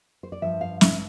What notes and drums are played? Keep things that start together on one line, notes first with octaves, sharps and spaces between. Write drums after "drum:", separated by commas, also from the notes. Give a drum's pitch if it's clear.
C5
D5
G2 F3 E5
F5
E5, drum: snare